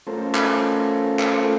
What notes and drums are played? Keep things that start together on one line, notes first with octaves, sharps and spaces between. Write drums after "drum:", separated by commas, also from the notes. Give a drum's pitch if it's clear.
A3 C#4 F4 A4 A#4 C5
drum: clap
drum: clap